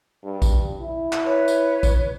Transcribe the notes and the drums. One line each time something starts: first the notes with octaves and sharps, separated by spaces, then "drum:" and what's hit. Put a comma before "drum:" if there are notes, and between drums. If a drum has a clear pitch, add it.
G2
drum: kick A#1, tambourine
E4
drum: clap
B4 C#5
drum: tambourine
drum: kick A#1, tambourine